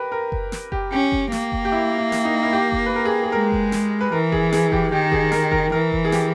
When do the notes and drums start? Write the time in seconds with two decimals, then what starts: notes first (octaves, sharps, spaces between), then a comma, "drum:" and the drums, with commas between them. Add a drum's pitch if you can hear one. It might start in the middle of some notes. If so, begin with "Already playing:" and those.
Already playing: G4 A#4 B4
0.12 A#4
0.32 drum: kick F#1
0.52 drum: snare
0.72 G4, drum: kick F#1
0.92 C#4 G4
1.12 drum: kick F#1
1.32 A#3, drum: snare
1.52 drum: kick F#1
1.65 G4
1.72 E4
1.98 E4
2.12 drum: snare
2.25 D#4
2.43 E4
2.53 G4
2.72 drum: kick F#1
2.86 B4
2.96 A#4
3.05 G#4
3.23 G#4
3.32 G#3 A#4
3.52 drum: kick F#1
3.72 drum: snare
4.01 B4
4.12 E3 A#4
4.32 G#4, drum: kick F#1
4.52 G#4, drum: snare
4.72 G4, drum: kick F#1
4.92 D#3 G4
5.12 G#4, drum: kick F#1
5.32 A#4, drum: snare
5.52 A#4, drum: kick F#1
5.72 E3 A#4
5.92 drum: kick F#1
6.05 G#4
6.12 G4, drum: snare